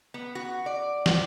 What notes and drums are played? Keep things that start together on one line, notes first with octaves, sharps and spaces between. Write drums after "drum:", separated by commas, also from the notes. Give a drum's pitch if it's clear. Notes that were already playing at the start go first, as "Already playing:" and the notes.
B3
F#4
D5
drum: snare